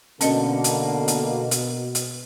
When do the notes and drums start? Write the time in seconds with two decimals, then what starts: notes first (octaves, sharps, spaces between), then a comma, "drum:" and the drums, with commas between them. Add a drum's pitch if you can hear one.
0.21 B2 D3 A#3 C#4 D#5 A5, drum: hi-hat
0.64 drum: hi-hat
1.08 drum: hi-hat
1.51 drum: hi-hat
1.95 drum: hi-hat